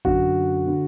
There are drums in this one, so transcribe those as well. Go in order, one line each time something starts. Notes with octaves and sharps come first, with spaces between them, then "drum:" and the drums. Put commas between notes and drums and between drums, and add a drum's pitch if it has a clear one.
F#2 D3 F#4, drum: kick
D3